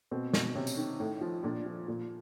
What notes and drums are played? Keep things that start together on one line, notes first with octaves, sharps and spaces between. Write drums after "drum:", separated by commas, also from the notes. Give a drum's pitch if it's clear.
B2 C4
B2, drum: snare
C3 C#4
drum: tambourine
D#3
A2
F3
A#2 D4
F3
A#2